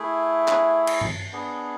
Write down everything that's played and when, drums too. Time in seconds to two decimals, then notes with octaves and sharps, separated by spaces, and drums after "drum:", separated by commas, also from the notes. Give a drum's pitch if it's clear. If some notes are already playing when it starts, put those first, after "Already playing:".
Already playing: A3 E4 G#4
0.48 drum: clap
0.87 drum: cymbal
1.01 drum: tom G2
1.32 B3 D4 G#4